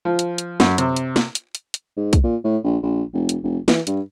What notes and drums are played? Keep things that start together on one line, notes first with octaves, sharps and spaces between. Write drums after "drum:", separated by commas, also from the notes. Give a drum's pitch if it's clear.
F3
drum: hi-hat
drum: hi-hat
F#2, drum: snare
C3, drum: hi-hat
drum: hi-hat
drum: snare
drum: hi-hat
drum: hi-hat
drum: hi-hat
G#2
drum: kick, hi-hat
A#2
A2
A#1
A#1
F1
drum: hi-hat
F1
E3, drum: snare
G2, drum: hi-hat